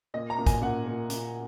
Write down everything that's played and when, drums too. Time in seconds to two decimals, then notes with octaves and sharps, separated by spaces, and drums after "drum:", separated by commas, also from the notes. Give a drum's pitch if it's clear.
0.14 A#2 D#5
0.30 A#5
0.38 A#2
0.46 G#5, drum: kick, hi-hat
0.62 A#2 F#5
0.86 A#2
1.10 A#2, drum: hi-hat